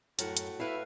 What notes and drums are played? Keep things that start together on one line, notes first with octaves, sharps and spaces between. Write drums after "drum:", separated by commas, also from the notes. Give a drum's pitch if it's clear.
F#2 A2 F#4 F#5, drum: hi-hat
drum: hi-hat
E4 B4 E5 F5